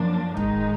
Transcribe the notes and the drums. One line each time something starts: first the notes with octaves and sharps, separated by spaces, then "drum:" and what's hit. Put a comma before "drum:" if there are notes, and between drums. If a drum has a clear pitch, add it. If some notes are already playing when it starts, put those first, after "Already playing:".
Already playing: F#2 F3 A#3 D4
G#2 D#3 G#3 D#4, drum: kick